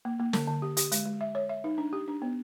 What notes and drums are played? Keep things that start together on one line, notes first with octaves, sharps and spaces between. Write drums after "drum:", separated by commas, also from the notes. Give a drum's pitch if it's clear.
A#3
A#3
D3, drum: snare
D3
G4
G4, drum: hi-hat
G#3, drum: hi-hat
G#3
E5
C#5
E5
D#4
D4
G4
D4
B3